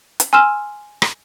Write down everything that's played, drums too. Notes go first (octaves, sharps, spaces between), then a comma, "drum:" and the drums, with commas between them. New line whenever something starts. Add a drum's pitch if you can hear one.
drum: hi-hat
G#5 C6 E6 F6 E7
drum: rim click